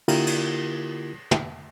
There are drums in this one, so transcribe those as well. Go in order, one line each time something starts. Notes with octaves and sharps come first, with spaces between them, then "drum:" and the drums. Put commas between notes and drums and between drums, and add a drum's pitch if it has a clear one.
D3 A#3 E4 F4 G4 A#4, drum: cymbal
drum: cymbal
drum: tom